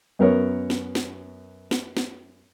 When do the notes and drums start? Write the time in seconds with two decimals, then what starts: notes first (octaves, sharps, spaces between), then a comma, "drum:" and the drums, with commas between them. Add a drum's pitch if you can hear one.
0.19 F#2 B3 A#4 C#5
0.70 drum: snare
0.95 drum: snare
1.71 drum: snare
1.97 drum: snare